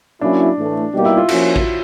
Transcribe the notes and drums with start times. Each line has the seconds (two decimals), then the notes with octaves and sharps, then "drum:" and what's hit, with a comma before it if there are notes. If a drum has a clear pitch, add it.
0.21 F#3 A#3 C#4 D4 E4
0.57 A2 E3 A3
0.93 B2 G3 A#3 D#4 G4
1.05 E4
1.17 F4
1.28 F3 A#3 C#4 F#4, drum: cymbal
1.56 drum: kick A1